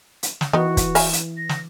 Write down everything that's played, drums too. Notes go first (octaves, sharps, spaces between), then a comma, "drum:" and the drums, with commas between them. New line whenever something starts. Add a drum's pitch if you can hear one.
drum: hi-hat
drum: snare
D#3 E3 B3 F#4
drum: kick, hi-hat
E5 F5 G#5, drum: open hi-hat
drum: hi-hat
A#6
drum: snare